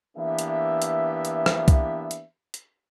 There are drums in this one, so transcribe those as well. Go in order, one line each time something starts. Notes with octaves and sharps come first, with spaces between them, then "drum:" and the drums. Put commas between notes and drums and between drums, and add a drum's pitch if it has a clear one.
E3 A#3 B3 D4 G4 E5
drum: hi-hat
drum: hi-hat
drum: hi-hat
drum: rim click
drum: kick C2, hi-hat
drum: hi-hat
drum: hi-hat